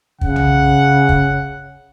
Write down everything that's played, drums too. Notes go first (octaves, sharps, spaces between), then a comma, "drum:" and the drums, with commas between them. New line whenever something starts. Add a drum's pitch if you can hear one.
C#3 F#5, drum: kick
drum: tom B1
drum: kick